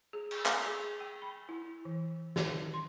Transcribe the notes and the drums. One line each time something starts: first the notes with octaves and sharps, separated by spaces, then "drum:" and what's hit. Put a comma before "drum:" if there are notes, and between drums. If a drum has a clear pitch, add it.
G#4
drum: cymbal
F5, drum: clap
G#4
G5
B5
E4
E3
D#3, drum: snare
C6